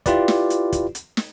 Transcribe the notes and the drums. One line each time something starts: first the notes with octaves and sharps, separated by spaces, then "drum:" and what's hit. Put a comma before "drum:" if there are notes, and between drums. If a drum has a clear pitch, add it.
E4 F4 G4 B4 D5, drum: kick, hi-hat
drum: snare
drum: hi-hat
drum: kick, hi-hat
drum: hi-hat
drum: snare